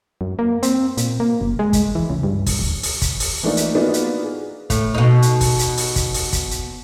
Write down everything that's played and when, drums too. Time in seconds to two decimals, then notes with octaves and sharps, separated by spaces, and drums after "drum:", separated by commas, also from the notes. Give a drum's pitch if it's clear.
0.21 F#2
0.39 A#3
0.63 C4, drum: hi-hat
0.97 A#2, drum: hi-hat
1.20 A#3
1.41 F#1
1.59 G#3
1.73 drum: kick, hi-hat
1.95 E3
2.10 C#2
2.23 G2
2.47 drum: kick, open hi-hat
2.59 D1
2.83 drum: open hi-hat
3.02 drum: kick, hi-hat
3.20 drum: open hi-hat
3.43 E3 F3 A3 A#3 D4 D#4
3.57 drum: hi-hat
3.75 A#3 B3 D4 D#4 F4 F#4
3.94 drum: hi-hat
4.24 G#4
4.70 A2, drum: kick, hi-hat
4.95 B2 D#4
5.22 drum: hi-hat
5.41 drum: kick, open hi-hat
5.59 drum: hi-hat
5.78 drum: open hi-hat
5.96 drum: kick, hi-hat
6.14 drum: open hi-hat
6.33 drum: kick, hi-hat
6.51 drum: hi-hat